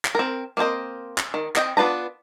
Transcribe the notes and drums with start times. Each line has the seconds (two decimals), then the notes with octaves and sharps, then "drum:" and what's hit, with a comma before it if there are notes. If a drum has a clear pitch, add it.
0.05 drum: clap
0.15 C4 A#4
0.57 A#3 C4 E4 C5 D#5
1.18 drum: clap
1.34 D#3
1.56 C4 D#5 G5, drum: clap
1.77 B3 D4 F4 B4 A#5